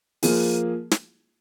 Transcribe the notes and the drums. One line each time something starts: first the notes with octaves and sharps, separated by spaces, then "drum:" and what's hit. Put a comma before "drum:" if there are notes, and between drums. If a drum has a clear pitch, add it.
F3 A#3 F4 G#4, drum: open hi-hat
drum: snare